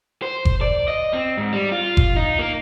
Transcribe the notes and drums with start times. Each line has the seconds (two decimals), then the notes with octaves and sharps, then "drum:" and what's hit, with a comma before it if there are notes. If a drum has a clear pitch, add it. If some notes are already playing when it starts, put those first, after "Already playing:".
0.22 C5
0.45 drum: kick F#1
0.61 D5
0.88 D#5
1.13 C4
1.38 G#2
1.53 G3
1.72 F4
1.97 drum: kick F#1
2.16 D#4
2.39 A#3